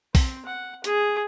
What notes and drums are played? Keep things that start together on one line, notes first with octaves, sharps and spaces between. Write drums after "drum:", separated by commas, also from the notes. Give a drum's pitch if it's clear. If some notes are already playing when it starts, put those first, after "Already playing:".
C4, drum: kick, open hi-hat
F#5
G#4, drum: hi-hat